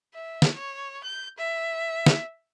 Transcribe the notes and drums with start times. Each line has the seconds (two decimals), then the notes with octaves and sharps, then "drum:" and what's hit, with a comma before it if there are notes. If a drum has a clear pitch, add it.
0.14 E5
0.42 drum: snare
0.54 C#5
1.04 G6
1.38 E5
2.06 drum: snare